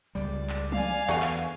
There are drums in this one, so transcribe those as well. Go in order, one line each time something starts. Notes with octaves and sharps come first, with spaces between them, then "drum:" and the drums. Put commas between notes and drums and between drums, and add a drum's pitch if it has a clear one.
C#2 G3 D5
drum: clap
F5 G#5, drum: tom
E2 D3 A3 F#4
drum: clap